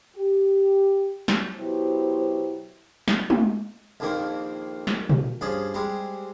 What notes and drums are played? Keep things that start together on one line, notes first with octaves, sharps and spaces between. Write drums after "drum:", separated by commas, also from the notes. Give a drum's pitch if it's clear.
G4
drum: snare
B2 F#3 E4 G4 C5
drum: snare
drum: tom G#3
A#1 F2 D#3 A#3 C4
drum: snare
drum: tom A#2
G2 F3 C#4 G#4
G3 G#3 C4